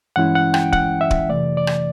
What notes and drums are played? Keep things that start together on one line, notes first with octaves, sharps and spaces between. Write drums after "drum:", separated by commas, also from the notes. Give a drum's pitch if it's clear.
G2 E3 G#3 C#4 E4 F#5
F#5
G5, drum: rim click
F#5, drum: kick D1
E5
drum: kick D1
F2 C3 E3 A3 D5
D5
drum: rim click